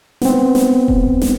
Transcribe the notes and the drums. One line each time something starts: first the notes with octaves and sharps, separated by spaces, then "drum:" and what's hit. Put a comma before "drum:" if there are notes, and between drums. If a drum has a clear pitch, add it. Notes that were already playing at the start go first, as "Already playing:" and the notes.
B3 C4, drum: snare
drum: snare
drum: kick E1
drum: snare